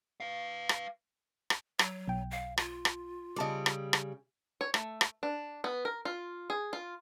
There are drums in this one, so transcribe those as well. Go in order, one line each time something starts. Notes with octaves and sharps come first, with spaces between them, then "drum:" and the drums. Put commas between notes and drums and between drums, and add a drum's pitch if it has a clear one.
B4 F5
drum: rim click
drum: rim click
F#3, drum: rim click
B1 G5
F5
F4, drum: rim click
drum: rim click
C#3 G3 D#5 A5 D6
drum: rim click
drum: rim click
C#5
A3, drum: rim click
drum: rim click
D4
B3
A#4
F4
G#4
F4